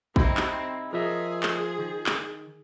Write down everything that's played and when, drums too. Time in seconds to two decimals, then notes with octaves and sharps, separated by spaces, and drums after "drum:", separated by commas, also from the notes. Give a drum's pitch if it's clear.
0.16 C3 C4 D#4 E4, drum: kick A1
0.37 drum: clap
0.93 F3 G#4 A#4 D#5 E5
1.43 drum: clap
1.78 D#3
2.06 drum: clap